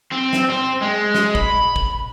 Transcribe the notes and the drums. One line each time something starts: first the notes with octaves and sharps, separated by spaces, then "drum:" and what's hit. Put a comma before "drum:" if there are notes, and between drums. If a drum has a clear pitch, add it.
C4
drum: snare
C4
G#3
drum: snare
B5, drum: kick
drum: kick